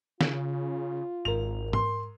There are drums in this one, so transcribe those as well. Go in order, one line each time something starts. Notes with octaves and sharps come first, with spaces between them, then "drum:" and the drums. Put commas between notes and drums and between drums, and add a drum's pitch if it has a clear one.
C#3 F4, drum: snare
G#1 G#2 A#4 F7
C6, drum: tom G#2